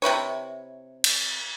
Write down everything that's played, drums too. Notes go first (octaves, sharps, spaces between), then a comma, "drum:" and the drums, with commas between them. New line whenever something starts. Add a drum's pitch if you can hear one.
C3 E4 B4 C#5
drum: cymbal